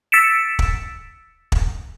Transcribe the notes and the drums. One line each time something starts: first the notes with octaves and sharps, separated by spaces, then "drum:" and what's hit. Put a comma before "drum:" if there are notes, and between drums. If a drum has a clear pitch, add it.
E6 A6 B6 C#7 D7 E7
drum: kick
drum: kick